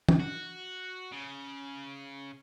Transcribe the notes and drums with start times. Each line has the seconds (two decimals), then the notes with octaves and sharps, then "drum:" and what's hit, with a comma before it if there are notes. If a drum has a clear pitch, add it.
0.09 drum: tom
0.20 F#4
1.12 C#3